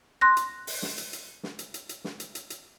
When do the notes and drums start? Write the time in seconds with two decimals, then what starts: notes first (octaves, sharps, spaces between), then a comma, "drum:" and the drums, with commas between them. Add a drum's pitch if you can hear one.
0.21 C6 F#6 A#6
0.37 drum: hi-hat
0.67 drum: open hi-hat
0.82 drum: snare
0.98 drum: hi-hat
1.13 drum: hi-hat
1.43 drum: snare
1.59 drum: hi-hat
1.74 drum: hi-hat
1.89 drum: hi-hat
2.04 drum: snare
2.20 drum: hi-hat
2.35 drum: hi-hat
2.50 drum: hi-hat